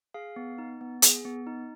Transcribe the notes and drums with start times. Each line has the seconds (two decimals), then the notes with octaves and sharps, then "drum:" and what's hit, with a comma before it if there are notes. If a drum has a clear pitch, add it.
0.14 G#4 F5
0.36 B3
0.58 D#4
0.81 B3
1.02 G#4, drum: hi-hat
1.25 B3
1.47 D#4